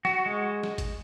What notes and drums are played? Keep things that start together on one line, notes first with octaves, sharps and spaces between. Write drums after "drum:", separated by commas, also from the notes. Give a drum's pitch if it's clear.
F#4, drum: snare
G#3
drum: snare
drum: kick G1, hi-hat